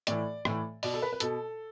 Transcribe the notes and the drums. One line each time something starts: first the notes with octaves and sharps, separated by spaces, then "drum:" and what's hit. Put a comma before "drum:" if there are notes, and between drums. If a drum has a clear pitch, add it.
A2 E3 D5, drum: hi-hat
A2 E3, drum: rim click
B2 D5, drum: open hi-hat
A4
B4
B4
B2 A4, drum: hi-hat